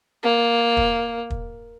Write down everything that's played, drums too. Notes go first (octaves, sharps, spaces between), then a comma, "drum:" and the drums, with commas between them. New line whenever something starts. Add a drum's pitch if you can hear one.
A#3
drum: kick
drum: kick